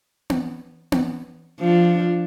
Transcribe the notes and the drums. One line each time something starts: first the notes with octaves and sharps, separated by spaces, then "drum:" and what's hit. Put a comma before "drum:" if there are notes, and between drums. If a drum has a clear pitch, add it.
drum: tom B3
drum: tom B3
F3 D4